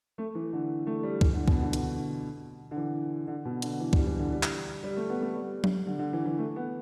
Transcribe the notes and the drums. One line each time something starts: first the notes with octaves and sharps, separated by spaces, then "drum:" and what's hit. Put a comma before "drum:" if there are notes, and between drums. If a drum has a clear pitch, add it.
A3
E3
D3
A3
G3
E3, drum: kick
D3
B2, drum: kick
D3
D3, drum: hi-hat
D3
E3
D3
B2
D3, drum: hi-hat
E3
G3, drum: kick
E3
D3
G3
drum: clap
G3
A3
B3
A3
G3
drum: tom F#3
D3
D3
E3
E3
A3
B3